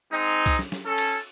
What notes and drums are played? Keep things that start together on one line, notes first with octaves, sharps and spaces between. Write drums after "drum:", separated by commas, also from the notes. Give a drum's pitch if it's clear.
G#3 C4 D#4
drum: kick C2, cymbal
drum: snare
drum: snare
C#4 A4
drum: cymbal